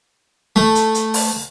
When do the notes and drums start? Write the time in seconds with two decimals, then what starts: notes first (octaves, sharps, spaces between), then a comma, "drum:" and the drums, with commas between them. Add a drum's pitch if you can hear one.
0.56 A3
0.75 drum: hi-hat
0.95 drum: hi-hat
1.14 drum: open hi-hat